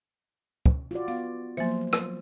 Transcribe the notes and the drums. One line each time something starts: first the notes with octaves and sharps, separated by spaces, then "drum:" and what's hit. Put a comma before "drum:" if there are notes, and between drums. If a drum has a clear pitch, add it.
drum: kick
F4 F#4 D5
B3 F5
F3 F#3 A#3 C5 E5
drum: rim click